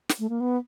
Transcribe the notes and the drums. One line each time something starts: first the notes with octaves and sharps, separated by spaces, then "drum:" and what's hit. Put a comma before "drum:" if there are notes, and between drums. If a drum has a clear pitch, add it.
drum: snare
A3
A#3
B3